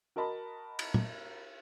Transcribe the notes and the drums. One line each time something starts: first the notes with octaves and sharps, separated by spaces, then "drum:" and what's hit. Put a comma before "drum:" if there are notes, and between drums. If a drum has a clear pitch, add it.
F#4 A#4 D#5 A5 B5
drum: cymbal
drum: tom